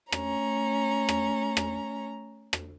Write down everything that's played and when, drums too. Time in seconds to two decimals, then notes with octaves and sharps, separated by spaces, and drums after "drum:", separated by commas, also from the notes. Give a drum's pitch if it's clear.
0.12 A3 C#4 A#5, drum: rim click
1.09 drum: rim click
1.57 drum: rim click
2.53 drum: rim click